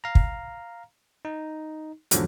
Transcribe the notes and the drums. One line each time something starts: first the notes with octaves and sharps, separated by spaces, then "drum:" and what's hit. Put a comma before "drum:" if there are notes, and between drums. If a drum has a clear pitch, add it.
F5 A#5
drum: kick
D#4
E2 G#2 D3 F3 F#3, drum: hi-hat